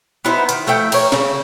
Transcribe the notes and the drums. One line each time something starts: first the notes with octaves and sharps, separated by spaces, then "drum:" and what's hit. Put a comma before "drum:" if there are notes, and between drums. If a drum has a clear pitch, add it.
B3 D#4 E4 C5
D#3, drum: hi-hat
F3 A3 E5 G5
A#4 C#5, drum: cymbal
C#3, drum: snare